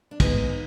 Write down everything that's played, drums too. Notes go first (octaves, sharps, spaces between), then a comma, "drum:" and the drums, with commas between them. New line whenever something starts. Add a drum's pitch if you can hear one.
D4
G#2 D#3 G#3 B3 D#4, drum: kick, cymbal